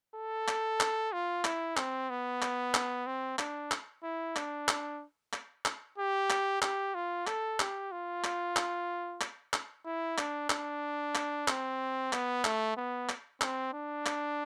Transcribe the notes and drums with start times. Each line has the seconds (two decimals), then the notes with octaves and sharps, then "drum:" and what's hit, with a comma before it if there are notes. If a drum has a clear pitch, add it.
0.16 A4
0.48 drum: clap
0.80 drum: clap
1.13 F4
1.45 E4, drum: clap
1.77 C4, drum: clap
2.10 B3
2.42 drum: clap
2.74 drum: clap
3.07 C4
3.39 D4, drum: clap
3.71 drum: clap
4.03 E4
4.36 D4, drum: clap
4.68 drum: clap
5.33 drum: clap
5.65 drum: clap
5.98 G4
6.30 drum: clap
6.62 G4, drum: clap
6.95 F4
7.27 A4, drum: clap
7.60 G4, drum: clap
7.92 F4
8.24 drum: clap
8.56 drum: clap
9.21 drum: clap
9.53 drum: clap
9.85 E4
10.18 D4, drum: clap
10.50 D4, drum: clap
11.15 drum: clap
11.48 C4, drum: clap
12.13 B3, drum: clap
12.45 A3, drum: clap
12.77 B3
13.09 drum: clap
13.41 C4, drum: clap
13.74 D4
14.06 drum: clap